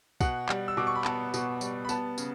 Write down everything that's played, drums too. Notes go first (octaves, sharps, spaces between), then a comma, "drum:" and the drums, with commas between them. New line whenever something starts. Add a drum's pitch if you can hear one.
B2 F#5, drum: kick, tambourine
G3, drum: clap
E6
B2 D6
C#6
B5
B3 A5, drum: clap
B2, drum: tambourine
G3, drum: tambourine
B5
B3 A5, drum: tambourine
C#3, drum: tambourine